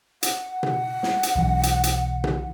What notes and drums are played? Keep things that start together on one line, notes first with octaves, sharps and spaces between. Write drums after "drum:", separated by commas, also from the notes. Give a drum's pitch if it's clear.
F#5, drum: hi-hat
drum: tom B2
drum: snare
drum: hi-hat
B1 E3
drum: hi-hat
drum: hi-hat
drum: tom B2